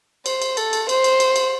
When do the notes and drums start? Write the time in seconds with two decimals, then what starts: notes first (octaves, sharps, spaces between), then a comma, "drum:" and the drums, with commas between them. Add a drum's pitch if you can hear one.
0.26 C5, drum: cymbal
0.42 drum: cymbal
0.57 A4, drum: cymbal
0.73 drum: cymbal
0.89 C5, drum: cymbal
1.04 drum: cymbal
1.20 drum: cymbal
1.36 drum: cymbal